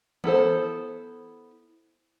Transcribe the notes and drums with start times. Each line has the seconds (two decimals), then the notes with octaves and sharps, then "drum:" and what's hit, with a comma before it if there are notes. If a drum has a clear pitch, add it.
0.24 B3 E4 A4 C5, drum: tom E3